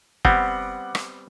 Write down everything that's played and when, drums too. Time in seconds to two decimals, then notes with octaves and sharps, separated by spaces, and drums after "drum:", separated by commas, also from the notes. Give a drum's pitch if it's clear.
0.25 G3 B3 C4 F#5 D6, drum: kick
0.95 drum: rim click